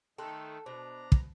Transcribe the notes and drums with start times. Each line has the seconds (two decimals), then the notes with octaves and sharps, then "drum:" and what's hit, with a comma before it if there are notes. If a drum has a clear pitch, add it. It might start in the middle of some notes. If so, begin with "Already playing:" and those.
0.18 D#3 A3 D#4 A4 G5 C6 F#6
0.66 B2 D4 C5 A#5
1.12 drum: kick